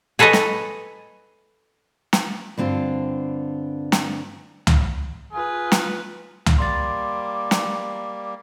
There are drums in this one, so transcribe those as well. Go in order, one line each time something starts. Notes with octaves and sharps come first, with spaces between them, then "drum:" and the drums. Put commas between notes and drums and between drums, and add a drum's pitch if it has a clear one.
G#4 A4 B4 C#5 D#5
drum: snare
drum: snare
G2 D3 C4 F4
drum: snare
drum: tom C#2
F4 G#4 B4
drum: snare
drum: tom C#2
G3 A#3 C6 D6 A6
drum: snare